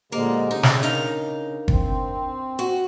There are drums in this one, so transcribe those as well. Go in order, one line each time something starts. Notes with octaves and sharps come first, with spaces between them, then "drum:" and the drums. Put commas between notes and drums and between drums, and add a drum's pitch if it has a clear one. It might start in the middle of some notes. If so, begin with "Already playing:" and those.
A#2 D3 G#3 A#3 G4 C5 D#5
C#3 D#4 G#4
drum: snare
D4 D#4 A#4 F5
C4, drum: kick
F#4